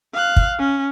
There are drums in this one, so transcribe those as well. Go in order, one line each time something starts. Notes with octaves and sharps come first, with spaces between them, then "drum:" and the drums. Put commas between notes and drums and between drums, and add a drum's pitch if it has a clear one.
F5 F#6
drum: kick
C#4